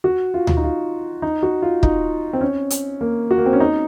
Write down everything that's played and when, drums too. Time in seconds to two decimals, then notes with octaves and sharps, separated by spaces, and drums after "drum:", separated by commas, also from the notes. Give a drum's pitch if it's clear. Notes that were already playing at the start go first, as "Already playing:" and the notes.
0.04 F#4
0.34 F4
0.47 drum: tom D2
0.57 D#4
0.64 F4
1.22 D#4
1.43 F#4
1.62 F4
1.83 D#4, drum: kick
2.33 C4
2.41 C#4
2.70 drum: hi-hat
3.01 A#3
3.31 F#4
3.38 A#3
3.46 C4
3.53 C#4
3.60 D#4